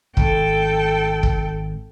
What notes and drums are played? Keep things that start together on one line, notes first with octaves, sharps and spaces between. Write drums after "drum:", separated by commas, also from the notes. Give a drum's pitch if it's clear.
G#1 A4 G5, drum: kick
drum: kick